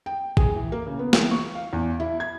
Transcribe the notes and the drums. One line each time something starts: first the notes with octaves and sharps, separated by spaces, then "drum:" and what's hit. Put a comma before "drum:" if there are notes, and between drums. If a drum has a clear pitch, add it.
G5
G#4, drum: kick
E3
A#3
C#3
B3
E3, drum: snare
C#6
F5
E2
E4
G#6